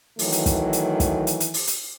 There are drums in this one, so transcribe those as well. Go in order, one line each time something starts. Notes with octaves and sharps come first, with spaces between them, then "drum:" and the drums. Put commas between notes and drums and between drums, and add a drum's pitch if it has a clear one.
D#3 E3 F#3 A3, drum: open hi-hat
drum: hi-hat
drum: kick, hi-hat
drum: hi-hat
drum: kick, hi-hat
drum: hi-hat
drum: hi-hat
drum: open hi-hat
drum: hi-hat